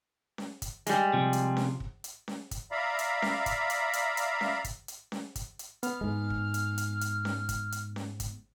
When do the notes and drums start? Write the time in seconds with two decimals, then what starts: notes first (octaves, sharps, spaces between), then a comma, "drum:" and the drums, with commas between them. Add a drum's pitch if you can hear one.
0.38 drum: snare C#4
0.62 drum: kick, hi-hat
0.87 G3 G#3, drum: hi-hat
1.13 C3 F3 F4
1.33 drum: hi-hat
1.57 drum: snare C#4
1.80 drum: kick
2.04 drum: hi-hat
2.28 drum: snare C#4
2.51 drum: kick, hi-hat
2.71 D5 E5 F5 A#5 B5
2.99 drum: hi-hat
3.22 drum: snare C#4
3.46 drum: kick, hi-hat
3.70 drum: hi-hat
3.93 drum: hi-hat
4.17 drum: hi-hat
4.41 drum: snare C#4
4.64 drum: kick, hi-hat
4.88 drum: hi-hat
5.12 drum: snare C#4
5.36 drum: kick, hi-hat
5.59 drum: hi-hat
5.83 B3 F6, drum: hi-hat
6.01 G#2 G#3
6.30 drum: kick
6.54 drum: hi-hat
6.78 drum: hi-hat
7.01 drum: hi-hat
7.25 drum: snare C#4
7.49 drum: kick, hi-hat
7.72 drum: hi-hat
7.96 drum: snare C#4
8.20 drum: kick, hi-hat